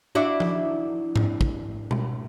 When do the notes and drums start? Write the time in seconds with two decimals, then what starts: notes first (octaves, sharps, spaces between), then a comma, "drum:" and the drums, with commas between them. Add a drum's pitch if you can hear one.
0.15 D4 E4 F#4
0.40 drum: tom F3
1.16 drum: tom G#2
1.41 drum: kick
1.91 drum: tom B2